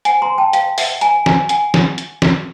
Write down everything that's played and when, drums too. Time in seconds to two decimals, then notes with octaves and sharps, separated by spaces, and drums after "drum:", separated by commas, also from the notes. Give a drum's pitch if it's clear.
0.05 F#5 G#5, drum: hi-hat
0.22 A#5 C6
0.38 G5 A5
0.53 F5 G5, drum: hi-hat
0.78 E5 F#5, drum: open hi-hat
1.01 G#5 A#5, drum: hi-hat
1.26 G#5 A#5, drum: snare
1.49 F#5 G#5, drum: hi-hat
1.74 drum: snare
1.98 drum: hi-hat
2.22 drum: snare